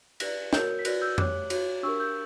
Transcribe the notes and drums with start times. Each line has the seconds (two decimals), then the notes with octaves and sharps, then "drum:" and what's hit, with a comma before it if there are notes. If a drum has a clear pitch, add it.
0.20 G4 B4 D5 F#6 A#6, drum: cymbal
0.53 F#4 A#4 C#5 E6 G6, drum: snare
0.79 B6
0.85 F#4 B4 D5 F#6 A#6, drum: cymbal
1.01 E6 G6
1.18 G4 C#5 D6 F#6, drum: tom F2
1.50 F#4 C#5, drum: cymbal
1.83 D4 G4 A#4 C#6 E6
1.99 E6 G6